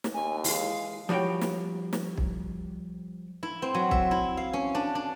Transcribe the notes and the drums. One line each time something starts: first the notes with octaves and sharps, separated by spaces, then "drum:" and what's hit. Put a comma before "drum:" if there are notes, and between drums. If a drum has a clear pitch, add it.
drum: snare
D#2 G#5
E3 G#3 F5, drum: open hi-hat
F3 G3 F#4 C#5 G5
drum: snare
drum: snare
drum: kick
E4
C4
F#3
E5, drum: kick
E4
F5
C#4
D4
D4